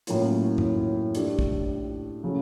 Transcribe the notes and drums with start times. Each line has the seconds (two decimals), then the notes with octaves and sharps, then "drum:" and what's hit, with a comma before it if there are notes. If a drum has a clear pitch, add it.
0.07 A2 F#3 A#3 C#4 F4, drum: hi-hat
0.58 drum: tom F#2
1.15 A3 D4 G4, drum: hi-hat
1.39 drum: kick
2.24 C#3 F#3 A3